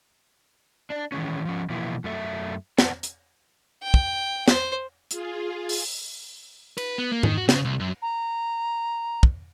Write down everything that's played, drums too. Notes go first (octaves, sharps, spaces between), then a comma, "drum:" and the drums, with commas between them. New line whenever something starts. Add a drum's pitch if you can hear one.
D4 D5
D#3 E3 G#3 C#4
F3 C#4
B2 E3 F3 A#3 E4
F#2 A3 E5
B3 A#4 C5 D5 F#5 A5, drum: snare
drum: hi-hat
G5
drum: kick
C5, drum: snare
F4 G#4, drum: hi-hat
drum: open hi-hat
B4, drum: cymbal
B3
A#3
D#3, drum: tom G#2
F#4
C#3, drum: snare
C2
F#2
A#5
drum: kick